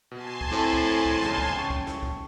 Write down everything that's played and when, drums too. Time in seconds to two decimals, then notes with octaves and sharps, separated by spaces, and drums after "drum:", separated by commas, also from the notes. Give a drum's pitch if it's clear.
0.11 B2 G#5 A5 C6
0.41 drum: kick
0.51 A2 C4
0.73 drum: kick
1.06 drum: kick
1.22 E2 G#2 C#3, drum: snare
1.38 drum: kick
1.56 C#3 G5 A5 C#6
1.70 drum: kick
1.86 drum: snare
2.03 drum: kick